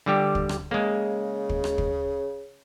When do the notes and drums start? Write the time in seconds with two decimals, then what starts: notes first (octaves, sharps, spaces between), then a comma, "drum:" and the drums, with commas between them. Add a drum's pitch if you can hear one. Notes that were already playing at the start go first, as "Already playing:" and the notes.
0.06 D3 G3 G4
0.35 drum: kick
0.49 drum: rim click
0.71 C#3 G#3 A#3
1.49 drum: kick
1.64 drum: rim click
1.78 drum: kick